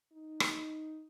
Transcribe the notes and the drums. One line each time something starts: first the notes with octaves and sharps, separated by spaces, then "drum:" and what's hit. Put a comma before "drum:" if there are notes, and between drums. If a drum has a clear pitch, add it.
D#4
drum: rim click